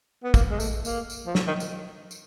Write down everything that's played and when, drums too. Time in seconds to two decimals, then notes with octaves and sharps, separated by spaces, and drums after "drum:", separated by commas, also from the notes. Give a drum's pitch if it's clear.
0.23 B3
0.34 A#3, drum: kick, tambourine
0.50 G#3
0.60 A3, drum: tambourine
0.85 A#3, drum: tambourine
1.10 drum: tambourine
1.26 F3
1.35 F#3, drum: snare
1.47 D#3
1.60 drum: tambourine
2.11 drum: tambourine